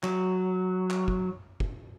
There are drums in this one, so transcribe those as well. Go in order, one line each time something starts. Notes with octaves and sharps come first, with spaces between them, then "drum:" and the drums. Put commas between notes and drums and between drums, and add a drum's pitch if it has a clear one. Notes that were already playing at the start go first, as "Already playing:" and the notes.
F#3, drum: clap
drum: clap
drum: kick
drum: kick